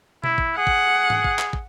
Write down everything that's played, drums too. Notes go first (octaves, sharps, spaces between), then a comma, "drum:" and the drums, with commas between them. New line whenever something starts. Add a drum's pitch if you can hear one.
E4, drum: tom B2
drum: kick
G#4 F#5
drum: kick
drum: tom G#2
drum: kick
drum: clap
drum: kick